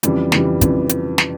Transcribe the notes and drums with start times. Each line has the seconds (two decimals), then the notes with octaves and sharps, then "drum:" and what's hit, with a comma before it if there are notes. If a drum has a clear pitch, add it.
0.03 F2 C#3 E3 G3, drum: hi-hat
0.32 F2 C#3 E3 G3, drum: snare
0.61 F2 C#3 E3 G3, drum: kick, hi-hat
0.89 drum: hi-hat
1.18 drum: snare